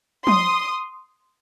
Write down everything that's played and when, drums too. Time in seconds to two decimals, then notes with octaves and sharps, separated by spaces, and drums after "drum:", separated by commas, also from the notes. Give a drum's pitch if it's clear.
0.27 C6 D#6, drum: tom